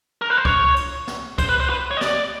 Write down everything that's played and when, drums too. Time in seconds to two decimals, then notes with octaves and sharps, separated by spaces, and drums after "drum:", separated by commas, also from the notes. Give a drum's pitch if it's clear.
0.22 A#4
0.30 B4
0.37 C5
0.45 C#5, drum: kick C2
0.76 drum: cymbal
1.07 drum: snare
1.38 C5, drum: kick C2, cymbal
1.49 B4
1.60 C5
1.70 B4
1.91 C#5
1.97 D#5
2.01 D5, drum: snare